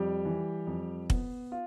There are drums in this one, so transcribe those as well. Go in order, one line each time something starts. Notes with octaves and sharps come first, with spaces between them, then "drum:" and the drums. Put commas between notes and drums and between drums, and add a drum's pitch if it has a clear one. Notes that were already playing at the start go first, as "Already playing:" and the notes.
Already playing: F2 G3 G4
E3
F2
B3, drum: kick
F4